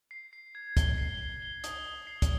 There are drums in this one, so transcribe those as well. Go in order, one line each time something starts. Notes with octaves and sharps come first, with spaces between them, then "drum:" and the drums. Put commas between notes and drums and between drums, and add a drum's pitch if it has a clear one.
C7
C7
G#6
G7, drum: kick, hi-hat
C7
G7
G7
D#6, drum: hi-hat
G7
C7
drum: kick, hi-hat